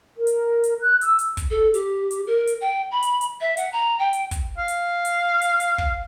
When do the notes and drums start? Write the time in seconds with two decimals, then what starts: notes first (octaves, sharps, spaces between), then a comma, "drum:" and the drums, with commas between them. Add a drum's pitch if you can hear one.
0.17 A#4
0.27 drum: hi-hat
0.64 drum: hi-hat
0.80 F#6
1.01 E6, drum: hi-hat
1.19 drum: hi-hat
1.37 drum: kick, hi-hat
1.51 A4
1.74 G4, drum: hi-hat
2.11 drum: hi-hat
2.27 A#4
2.47 drum: hi-hat
2.61 G5
2.91 B5
3.03 drum: hi-hat
3.21 drum: hi-hat
3.41 E5
3.57 F#5, drum: hi-hat
3.73 A#5
3.99 G5
4.13 drum: hi-hat
4.31 drum: kick, hi-hat
4.58 F5
4.68 drum: hi-hat
5.05 drum: hi-hat
5.42 drum: hi-hat
5.60 drum: hi-hat
5.78 drum: kick